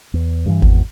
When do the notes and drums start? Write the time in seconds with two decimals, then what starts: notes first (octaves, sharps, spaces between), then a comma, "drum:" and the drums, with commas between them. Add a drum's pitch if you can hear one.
0.14 E2
0.46 G2 D#3 E3
0.62 G#1 E2, drum: kick G1